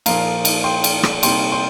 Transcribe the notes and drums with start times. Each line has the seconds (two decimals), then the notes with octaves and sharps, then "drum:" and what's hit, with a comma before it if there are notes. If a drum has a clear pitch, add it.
0.06 A#2 F3 A#3 F5 A#5, drum: cymbal
0.45 drum: cymbal
0.64 G5 C6
0.84 drum: cymbal
1.03 drum: rim click
1.23 C3 G3 A#3 G5 C6, drum: cymbal
1.52 G5 C6